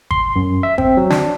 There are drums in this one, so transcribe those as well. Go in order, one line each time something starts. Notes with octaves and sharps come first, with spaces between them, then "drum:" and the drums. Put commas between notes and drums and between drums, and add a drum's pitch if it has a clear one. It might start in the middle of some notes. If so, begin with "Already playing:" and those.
C6, drum: kick G1
F#2
E5
C4, drum: kick G1
F#3
D4, drum: snare